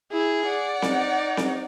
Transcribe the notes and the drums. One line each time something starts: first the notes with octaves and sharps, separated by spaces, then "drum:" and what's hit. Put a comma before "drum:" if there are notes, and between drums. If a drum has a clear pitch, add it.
E4 G#4
D5 F#5
D#4, drum: snare C4
drum: snare C4